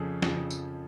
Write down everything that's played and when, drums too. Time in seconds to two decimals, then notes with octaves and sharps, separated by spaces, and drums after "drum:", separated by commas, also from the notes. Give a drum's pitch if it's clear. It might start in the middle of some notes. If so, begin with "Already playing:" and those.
Already playing: F2 C#3 F3 G#4 A4
0.22 F2 C#3 F3 G#4, drum: snare
0.50 drum: tambourine